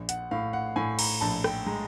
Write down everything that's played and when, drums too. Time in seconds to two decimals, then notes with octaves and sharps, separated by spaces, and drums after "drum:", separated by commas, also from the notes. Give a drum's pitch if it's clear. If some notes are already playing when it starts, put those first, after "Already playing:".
Already playing: A#1
0.09 F#5, drum: hi-hat
0.31 A2 F5
0.53 F#5
0.76 A2 G#5
0.99 A#5, drum: cymbal
1.21 A#1 A5
1.44 G5, drum: rim click
1.66 G#3 A#5